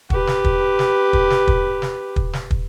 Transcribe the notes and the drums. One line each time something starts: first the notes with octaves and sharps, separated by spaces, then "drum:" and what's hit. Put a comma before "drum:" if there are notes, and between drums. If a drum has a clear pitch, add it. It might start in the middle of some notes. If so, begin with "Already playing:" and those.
G4 B4, drum: kick
drum: snare
drum: kick
drum: snare
drum: kick
drum: snare
drum: kick
drum: snare
drum: kick
drum: snare
drum: kick